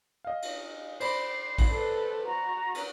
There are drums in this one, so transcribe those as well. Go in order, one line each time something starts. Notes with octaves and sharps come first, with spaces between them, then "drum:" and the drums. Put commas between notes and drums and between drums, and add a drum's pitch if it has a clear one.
D#5 F5
drum: cymbal
C5 D5 B5 C7, drum: cymbal
drum: kick, cymbal
A4 B4
F#4 A#5
drum: cymbal